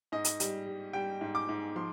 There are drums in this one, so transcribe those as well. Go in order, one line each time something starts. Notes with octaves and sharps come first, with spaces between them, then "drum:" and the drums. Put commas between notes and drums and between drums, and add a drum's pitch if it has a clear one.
G#2 D#5
drum: hi-hat
G3, drum: hi-hat
G3
G3 G5
G#2
D6
G#2
F3 C6